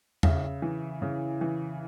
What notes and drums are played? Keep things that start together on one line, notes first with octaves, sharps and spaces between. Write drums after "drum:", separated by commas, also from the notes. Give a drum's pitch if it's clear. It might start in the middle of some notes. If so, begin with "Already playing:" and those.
C#3 E5, drum: tom E2
E3
C#3
E3